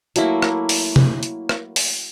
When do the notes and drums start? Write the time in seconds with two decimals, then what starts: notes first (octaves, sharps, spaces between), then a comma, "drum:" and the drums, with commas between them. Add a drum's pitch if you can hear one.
0.16 F#3 A3 A#3 E4, drum: hi-hat
0.42 drum: rim click
0.69 drum: open hi-hat
0.96 drum: tom
1.23 drum: hi-hat
1.49 drum: rim click
1.76 drum: open hi-hat